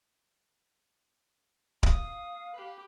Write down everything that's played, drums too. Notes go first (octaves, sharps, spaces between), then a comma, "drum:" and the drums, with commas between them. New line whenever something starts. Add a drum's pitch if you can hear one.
F5 D#6, drum: kick D1
G4 B4